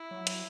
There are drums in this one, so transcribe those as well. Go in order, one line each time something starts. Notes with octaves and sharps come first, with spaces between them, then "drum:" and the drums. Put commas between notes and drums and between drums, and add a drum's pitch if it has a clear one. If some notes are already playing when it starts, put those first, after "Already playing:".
Already playing: E4
F#3
drum: hi-hat